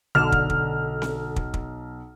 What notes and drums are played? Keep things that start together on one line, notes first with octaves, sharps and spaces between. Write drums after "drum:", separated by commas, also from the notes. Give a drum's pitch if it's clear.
B1 D3 F6 E7
drum: kick
drum: kick
drum: snare C4
drum: kick
drum: kick